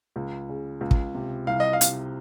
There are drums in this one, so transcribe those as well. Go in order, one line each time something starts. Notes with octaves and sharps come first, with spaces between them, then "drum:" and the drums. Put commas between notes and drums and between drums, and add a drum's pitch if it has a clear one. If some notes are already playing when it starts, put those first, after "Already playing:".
C#2
C#3
C#2
drum: kick
C3
C2 F5
D#5
F5
C3, drum: hi-hat